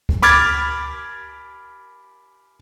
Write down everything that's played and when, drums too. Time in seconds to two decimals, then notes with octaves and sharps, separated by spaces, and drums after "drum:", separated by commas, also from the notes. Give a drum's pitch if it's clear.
0.09 drum: kick C#2
0.22 B5 D6 F6 G#6 A6, drum: cymbal